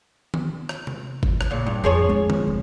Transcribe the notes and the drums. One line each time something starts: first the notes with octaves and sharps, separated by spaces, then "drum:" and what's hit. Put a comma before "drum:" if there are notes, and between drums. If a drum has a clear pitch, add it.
drum: tom D#3
drum: rim click
drum: tom C3
drum: kick G1
drum: rim click
A#2 C#3
G2
F2 F3 G#4 C#5
G#3 D4
drum: tom D3
F1